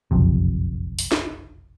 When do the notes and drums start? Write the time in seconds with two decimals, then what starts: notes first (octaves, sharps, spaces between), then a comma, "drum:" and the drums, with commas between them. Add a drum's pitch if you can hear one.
0.11 F#1 B1 F2 C3
0.99 drum: open hi-hat
1.12 drum: snare